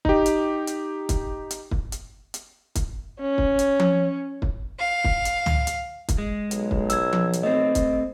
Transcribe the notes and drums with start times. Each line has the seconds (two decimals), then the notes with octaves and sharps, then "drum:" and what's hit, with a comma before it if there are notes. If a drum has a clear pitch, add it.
0.05 D#4 G4, drum: kick
0.26 drum: hi-hat
0.67 drum: hi-hat
1.09 drum: kick, hi-hat
1.51 drum: hi-hat
1.71 drum: kick
1.92 drum: hi-hat
2.34 drum: hi-hat
2.75 drum: kick, hi-hat
3.21 C#4
3.38 drum: kick
3.59 drum: hi-hat
3.80 drum: tom F3
4.42 drum: kick
4.79 F5
5.04 drum: kick
5.25 drum: hi-hat
5.46 drum: tom
5.67 drum: hi-hat
6.09 drum: kick, hi-hat
6.18 G#3
6.51 B1, drum: hi-hat
6.71 drum: kick
6.90 E6 G#6, drum: hi-hat
7.13 drum: tom F3
7.33 drum: hi-hat
7.43 A3 C4 D#5
7.75 drum: kick, hi-hat